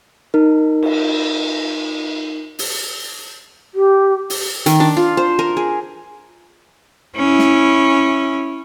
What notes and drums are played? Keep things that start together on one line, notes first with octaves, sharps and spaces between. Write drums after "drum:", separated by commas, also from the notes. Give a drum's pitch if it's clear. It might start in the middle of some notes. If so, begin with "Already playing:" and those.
D#4 A#4
drum: cymbal
drum: open hi-hat
G4
drum: open hi-hat
D#3, drum: hi-hat
D4
F4
C5
A#4
G#4
C#4 E4
drum: snare